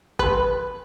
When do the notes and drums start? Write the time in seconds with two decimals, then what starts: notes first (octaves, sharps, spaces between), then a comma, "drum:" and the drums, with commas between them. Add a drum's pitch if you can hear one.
0.19 B4, drum: kick